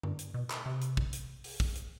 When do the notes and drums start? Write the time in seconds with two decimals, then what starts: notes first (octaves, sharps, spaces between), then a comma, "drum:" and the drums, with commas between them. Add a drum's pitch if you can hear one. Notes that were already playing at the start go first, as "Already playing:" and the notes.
0.03 G2, drum: tom D3
0.19 drum: hi-hat
0.34 B2
0.50 drum: clap
0.66 C3
0.82 drum: hi-hat
0.97 drum: kick
1.13 drum: hi-hat
1.44 drum: open hi-hat
1.60 drum: kick
1.76 drum: hi-hat